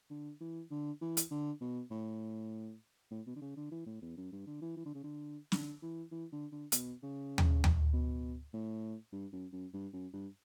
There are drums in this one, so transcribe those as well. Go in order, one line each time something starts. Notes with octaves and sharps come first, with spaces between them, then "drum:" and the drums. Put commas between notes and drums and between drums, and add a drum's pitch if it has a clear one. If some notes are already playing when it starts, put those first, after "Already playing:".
D3
E3
D3
E3
drum: hi-hat
D3
B2
A2
A2
B2
D3
C#3
D3
E3
A2
E2
F#2
G2
D3
E3
E3
D3
C#3
D3
D3, drum: snare
E3
E3
D3
D3
B2, drum: hi-hat
C#3
drum: tom
drum: tom
B2
A2
G2
F#2
F#2
G2
F#2
G2